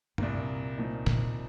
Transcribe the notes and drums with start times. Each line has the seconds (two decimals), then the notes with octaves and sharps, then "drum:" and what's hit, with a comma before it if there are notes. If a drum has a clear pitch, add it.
0.18 C2 G2 A#2 A#3, drum: tom F#2
0.77 C2 A#2 F3 D#4
1.06 A#2, drum: snare